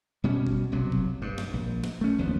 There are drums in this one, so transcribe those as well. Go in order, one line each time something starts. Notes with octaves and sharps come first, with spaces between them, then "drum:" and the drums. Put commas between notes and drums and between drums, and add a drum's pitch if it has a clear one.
B2 G3 C#4
drum: kick F1
B1 C3 F#3
drum: kick F1
G2
drum: snare
A#1
drum: snare
A3 C#4
F#1 D#2 F3 B3